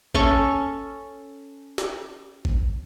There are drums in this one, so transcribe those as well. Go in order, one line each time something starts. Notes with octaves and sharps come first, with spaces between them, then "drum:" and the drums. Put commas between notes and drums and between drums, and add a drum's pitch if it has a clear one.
C#4 A4 C#6, drum: kick G#1
drum: snare
drum: kick G#1